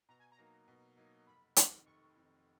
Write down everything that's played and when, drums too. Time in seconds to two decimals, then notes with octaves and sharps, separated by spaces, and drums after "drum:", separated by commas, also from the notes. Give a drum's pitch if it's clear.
0.09 B2 A#5
0.20 G#5
0.32 A#5
0.38 F#3 A#3 D#4
0.68 B2
0.97 F#3 A#3 D#4
1.27 F1 B5
1.56 F2 D#3, drum: hi-hat
1.86 F1 C#6
2.15 F2 D#3